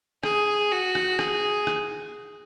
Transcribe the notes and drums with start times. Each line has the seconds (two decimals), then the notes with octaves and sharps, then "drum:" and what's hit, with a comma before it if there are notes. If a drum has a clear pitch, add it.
0.23 G#4, drum: rim click
0.72 F#4
0.95 drum: rim click
1.19 G#4, drum: rim click
1.67 drum: rim click